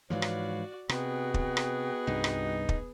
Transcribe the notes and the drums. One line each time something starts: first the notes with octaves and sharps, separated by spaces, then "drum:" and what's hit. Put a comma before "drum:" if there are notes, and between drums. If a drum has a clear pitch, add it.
G#2 E3 F3 F#4 B4 C#5 D5 F5
drum: rim click
C3 B3 F#4 G#4 D#5 G5, drum: rim click
drum: kick
drum: rim click
C2 G2 D#4
drum: rim click
drum: kick